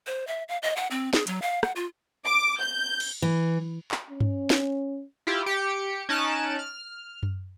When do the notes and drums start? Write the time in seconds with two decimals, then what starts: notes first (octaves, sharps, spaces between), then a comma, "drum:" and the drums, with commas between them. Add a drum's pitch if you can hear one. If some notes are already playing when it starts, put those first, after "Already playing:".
0.07 C5
0.27 E5
0.48 F5
0.62 D#5
0.76 F#5
0.91 C4
1.13 G#4, drum: snare
1.27 F#3, drum: hi-hat
1.42 F5
1.63 F#5, drum: rim click
1.76 F4
2.25 D6
2.61 G6
3.00 drum: cymbal
3.22 E3
3.91 drum: clap
4.10 C#4
4.20 drum: tom G2
4.50 drum: snare
5.27 E4 F4 G4
5.46 G4 C#7 D7
6.09 C#4 D#4 A5 F#6 D7 E7
6.59 F6
7.23 drum: tom F#2